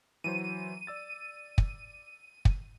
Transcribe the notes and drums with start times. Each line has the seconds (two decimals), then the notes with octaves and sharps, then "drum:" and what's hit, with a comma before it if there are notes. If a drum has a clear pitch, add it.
0.24 E3 F#3 C5 D#7
0.87 D5 E6 A6
1.58 drum: kick
2.45 drum: kick